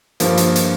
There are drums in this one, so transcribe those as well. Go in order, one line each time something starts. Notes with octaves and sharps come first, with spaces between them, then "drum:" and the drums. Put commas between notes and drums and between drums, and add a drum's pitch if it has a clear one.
G2 F3 A#3, drum: hi-hat
drum: hi-hat
drum: hi-hat